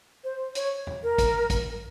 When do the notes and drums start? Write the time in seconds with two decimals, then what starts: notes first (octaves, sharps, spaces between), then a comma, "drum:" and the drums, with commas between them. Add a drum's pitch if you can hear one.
0.24 C5
0.55 C#5, drum: hi-hat
0.87 drum: tom E2
1.03 A#4
1.18 drum: kick, hi-hat
1.50 drum: kick, hi-hat